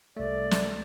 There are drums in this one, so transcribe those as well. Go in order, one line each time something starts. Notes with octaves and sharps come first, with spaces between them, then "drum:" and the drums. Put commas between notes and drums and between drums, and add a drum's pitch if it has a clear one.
C2 A3 D5
drum: snare